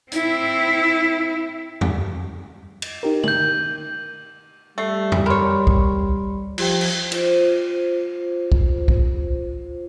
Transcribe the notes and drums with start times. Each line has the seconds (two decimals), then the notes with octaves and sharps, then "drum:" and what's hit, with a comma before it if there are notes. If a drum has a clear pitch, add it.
0.12 C4 E4, drum: hi-hat
1.81 drum: tom E2
2.82 drum: cymbal
3.03 D#4 G4 A#4
3.24 G6 F#7, drum: tom
4.78 G3 A3 E5 C7
5.12 drum: tom E2
5.26 A#4 C#5 B5 C6
5.67 drum: kick
6.58 F3 F4 G4 G5, drum: cymbal
6.81 drum: cymbal
7.12 F4 C5, drum: cymbal
8.52 drum: kick
8.88 drum: kick